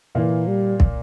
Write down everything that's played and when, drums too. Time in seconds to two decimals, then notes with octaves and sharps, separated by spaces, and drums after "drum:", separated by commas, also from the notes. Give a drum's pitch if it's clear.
0.15 A#2 E3 A#3
0.47 G3
0.80 drum: kick